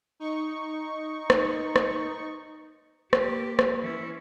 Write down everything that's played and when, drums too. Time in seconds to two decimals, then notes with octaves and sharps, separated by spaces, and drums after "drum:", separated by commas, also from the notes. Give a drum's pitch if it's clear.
0.20 D#4 C#6
1.30 drum: rim click
1.76 drum: rim click
3.13 A#3 G4, drum: rim click
3.59 drum: rim click
3.82 E3 C#4